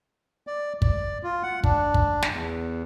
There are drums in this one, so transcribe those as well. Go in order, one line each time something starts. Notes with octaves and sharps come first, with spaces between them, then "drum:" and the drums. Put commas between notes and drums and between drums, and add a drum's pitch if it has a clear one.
D5
D5, drum: kick
F4
F#5
D4, drum: kick
drum: kick
drum: snare
E2